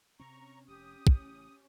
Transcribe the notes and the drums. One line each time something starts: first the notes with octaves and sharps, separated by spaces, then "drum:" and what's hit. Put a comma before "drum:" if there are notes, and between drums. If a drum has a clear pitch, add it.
C3 C4 C#4 A#5 C#6
F1 G4 D#6
A1 C#3, drum: kick